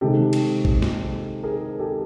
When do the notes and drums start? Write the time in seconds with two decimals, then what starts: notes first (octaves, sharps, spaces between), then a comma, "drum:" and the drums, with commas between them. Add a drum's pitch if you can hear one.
0.01 C3 D#3 G#3 G4 A4
0.33 drum: cymbal
0.65 drum: kick
0.82 drum: snare
1.43 G#4 A#4
1.79 G4 A4